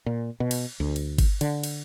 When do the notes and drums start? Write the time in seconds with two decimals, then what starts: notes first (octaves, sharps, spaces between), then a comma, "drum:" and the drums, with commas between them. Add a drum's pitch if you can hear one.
0.06 A#2
0.40 B2
0.51 drum: cymbal
0.80 D2
0.96 drum: cymbal
1.18 drum: kick G1, cymbal
1.41 D3, drum: cymbal
1.63 drum: cymbal